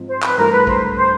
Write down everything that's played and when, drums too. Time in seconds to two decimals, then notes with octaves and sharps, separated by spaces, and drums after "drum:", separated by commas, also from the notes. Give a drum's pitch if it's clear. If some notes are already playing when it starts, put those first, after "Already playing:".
Already playing: G#2 F3 C4
0.09 C5
0.23 B4, drum: clap
0.37 G2 E3 A3 A#4
0.52 B4
0.67 C5, drum: kick
0.96 C5